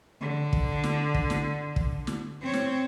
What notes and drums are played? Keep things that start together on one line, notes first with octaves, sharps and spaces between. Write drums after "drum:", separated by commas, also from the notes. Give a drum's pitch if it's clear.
D3
drum: kick
drum: snare
drum: kick
drum: snare
drum: kick
drum: snare
C4 C#5
drum: snare